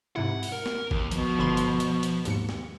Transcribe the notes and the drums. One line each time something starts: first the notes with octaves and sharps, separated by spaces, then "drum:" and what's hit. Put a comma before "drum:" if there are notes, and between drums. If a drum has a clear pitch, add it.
G#2 C3 E4 F#5
drum: open hi-hat
A#4
drum: snare
D#2, drum: kick G#1
B2 F3, drum: hi-hat
G1 B5 C6
drum: hi-hat
drum: hi-hat
drum: hi-hat
D#2 G#2 C#7, drum: hi-hat
drum: snare